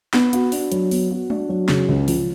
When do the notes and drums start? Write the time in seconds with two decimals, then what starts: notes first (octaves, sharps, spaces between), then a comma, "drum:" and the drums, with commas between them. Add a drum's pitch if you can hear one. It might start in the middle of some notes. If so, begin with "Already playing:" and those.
0.13 B3, drum: snare
0.33 F#4, drum: hi-hat
0.52 D4, drum: open hi-hat
0.72 F#3, drum: hi-hat
0.91 B3, drum: open hi-hat
1.11 F#4
1.30 D4, drum: tom G#3
1.49 F#3
1.68 C#3, drum: snare
1.88 C#2
2.08 F3, drum: open hi-hat